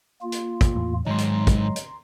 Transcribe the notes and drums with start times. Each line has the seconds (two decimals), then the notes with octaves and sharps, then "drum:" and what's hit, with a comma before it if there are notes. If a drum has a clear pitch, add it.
0.22 A#3 F4
0.32 drum: hi-hat
0.61 drum: kick, hi-hat
0.75 E2 A2
1.07 G#2 D#3 F#3 G#3 A#5 C6
1.18 drum: hi-hat
1.47 drum: kick, hi-hat
1.76 drum: hi-hat